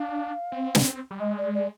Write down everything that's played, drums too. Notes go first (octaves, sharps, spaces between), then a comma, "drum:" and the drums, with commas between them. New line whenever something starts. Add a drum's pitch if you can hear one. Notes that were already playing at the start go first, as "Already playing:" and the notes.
Already playing: D4 F5
C4
drum: snare
G3
G#3 D#5
D5
D5